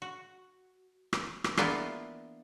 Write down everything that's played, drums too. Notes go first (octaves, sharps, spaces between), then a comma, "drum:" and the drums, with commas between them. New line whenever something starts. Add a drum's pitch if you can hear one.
F#4
drum: rim click
drum: rim click
E3 A#3 B3 D4 F4, drum: rim click